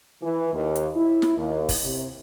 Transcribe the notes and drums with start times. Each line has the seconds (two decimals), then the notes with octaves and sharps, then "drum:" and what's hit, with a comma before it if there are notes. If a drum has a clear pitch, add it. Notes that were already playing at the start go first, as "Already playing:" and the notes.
0.22 E3
0.52 D#2
0.76 drum: hi-hat
0.95 E4
1.22 drum: snare
1.36 D#2
1.69 drum: kick, open hi-hat
1.82 C3